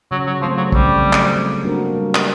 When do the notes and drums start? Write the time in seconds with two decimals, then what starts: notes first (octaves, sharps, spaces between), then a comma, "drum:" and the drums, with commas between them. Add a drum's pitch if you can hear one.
0.11 C#3 F#3
0.27 F#3
0.42 F3 F#3 A3 C4
0.57 F#3
0.72 C#3 G3, drum: kick
1.02 F#3 A3 C4
1.13 drum: clap
1.34 G3
1.64 A#3 D4 F#4 A#4
1.95 G3
2.15 drum: clap